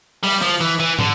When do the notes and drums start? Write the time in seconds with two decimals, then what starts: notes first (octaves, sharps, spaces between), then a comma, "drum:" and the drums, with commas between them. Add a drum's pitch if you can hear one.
0.24 G3, drum: open hi-hat
0.42 F3
0.61 E3
0.79 E3
0.99 D3, drum: tom